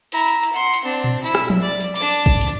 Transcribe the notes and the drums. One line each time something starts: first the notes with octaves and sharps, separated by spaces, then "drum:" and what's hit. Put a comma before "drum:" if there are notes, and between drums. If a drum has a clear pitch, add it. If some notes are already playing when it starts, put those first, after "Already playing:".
E4 A#5, drum: hi-hat
drum: hi-hat
drum: hi-hat
F#5 C6
drum: hi-hat
C4 D4
drum: tom A#2
E4
drum: rim click
drum: tom F3
D5
drum: hi-hat
D4 D6, drum: hi-hat
drum: hi-hat
drum: kick, hi-hat
drum: hi-hat